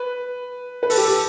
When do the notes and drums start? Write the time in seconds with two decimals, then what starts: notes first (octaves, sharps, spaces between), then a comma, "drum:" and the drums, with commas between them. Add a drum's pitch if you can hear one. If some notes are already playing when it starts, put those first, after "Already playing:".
Already playing: B4
0.83 B4
0.90 A4, drum: open hi-hat
0.97 G4
1.04 A4